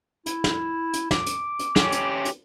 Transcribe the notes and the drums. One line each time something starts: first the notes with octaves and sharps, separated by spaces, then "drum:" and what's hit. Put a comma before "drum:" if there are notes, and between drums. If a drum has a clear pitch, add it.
E4, drum: hi-hat
drum: snare
drum: hi-hat
D6, drum: snare
drum: hi-hat
drum: hi-hat
C#4 G4, drum: snare
drum: hi-hat
drum: hi-hat